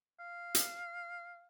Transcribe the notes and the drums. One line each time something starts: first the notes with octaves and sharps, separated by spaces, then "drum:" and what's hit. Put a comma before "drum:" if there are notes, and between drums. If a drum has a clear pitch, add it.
F5
drum: hi-hat